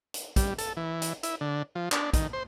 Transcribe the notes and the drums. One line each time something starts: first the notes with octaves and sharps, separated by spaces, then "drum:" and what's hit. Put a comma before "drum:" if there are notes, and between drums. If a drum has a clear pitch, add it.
drum: hi-hat
G3, drum: kick A#1, hi-hat
A4, drum: hi-hat
E3
drum: hi-hat
E4, drum: hi-hat
D3
F3
D4, drum: clap
D#3, drum: kick A#1, hi-hat
C5